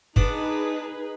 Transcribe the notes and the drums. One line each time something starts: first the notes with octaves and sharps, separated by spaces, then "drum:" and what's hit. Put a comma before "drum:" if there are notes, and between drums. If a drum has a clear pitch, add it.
B3 D4 D#4 G#4 B4, drum: kick